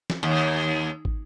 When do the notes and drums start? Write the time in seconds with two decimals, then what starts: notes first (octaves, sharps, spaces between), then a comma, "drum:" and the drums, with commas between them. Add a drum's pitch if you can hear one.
0.10 drum: snare
0.23 D#2
1.05 drum: kick